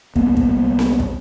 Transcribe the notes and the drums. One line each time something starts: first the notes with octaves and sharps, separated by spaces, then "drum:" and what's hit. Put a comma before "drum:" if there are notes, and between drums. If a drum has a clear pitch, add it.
C2 A#3 B3, drum: kick
drum: kick
drum: snare C4
drum: kick